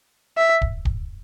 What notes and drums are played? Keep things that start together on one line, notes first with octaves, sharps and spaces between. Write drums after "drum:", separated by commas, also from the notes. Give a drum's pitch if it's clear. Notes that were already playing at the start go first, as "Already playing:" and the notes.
E5
drum: kick
drum: kick